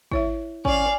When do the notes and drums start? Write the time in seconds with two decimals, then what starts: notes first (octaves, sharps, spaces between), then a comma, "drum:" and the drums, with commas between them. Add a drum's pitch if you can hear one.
0.11 E4 C#5 E5, drum: kick G#1
0.65 C#4 D5 F5 G#5, drum: kick G#1